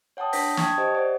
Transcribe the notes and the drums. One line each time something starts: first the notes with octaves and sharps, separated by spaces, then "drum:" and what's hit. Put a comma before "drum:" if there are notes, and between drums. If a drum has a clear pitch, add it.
C#5 F#5 G5 A5 D#6
D4 A5 G6 A#6 B6, drum: open hi-hat
G5 A5 C#6 D#6 G#6, drum: snare
G4 C5 D#5
C5 D5 F#5